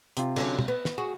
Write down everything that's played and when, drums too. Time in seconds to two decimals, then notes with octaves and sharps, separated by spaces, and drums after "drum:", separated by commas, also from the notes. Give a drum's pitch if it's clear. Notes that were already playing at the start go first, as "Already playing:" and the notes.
0.17 C3 C4 F4, drum: hi-hat
0.36 D3 F#3 C#4, drum: cymbal
0.59 drum: tom
0.68 B3
0.85 drum: snare
0.98 F#4 G#4